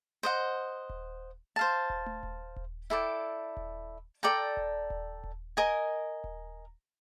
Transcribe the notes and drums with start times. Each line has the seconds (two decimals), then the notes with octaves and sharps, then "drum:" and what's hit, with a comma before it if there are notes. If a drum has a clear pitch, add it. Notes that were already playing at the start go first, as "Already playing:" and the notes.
0.23 C5 D#5 F#5
0.89 drum: kick D#1
1.56 C5 F5 A5
1.90 drum: kick D#1
2.06 drum: tom A3
2.23 drum: kick D#1
2.56 drum: kick D#1
2.90 E4 A4 D5 G5
3.57 drum: kick D#1
4.23 A4 D5 G5 A#5
4.57 drum: kick D#1
4.90 drum: kick D#1
5.24 drum: kick D#1
5.57 A#4 D#5 G#5
6.24 drum: kick D#1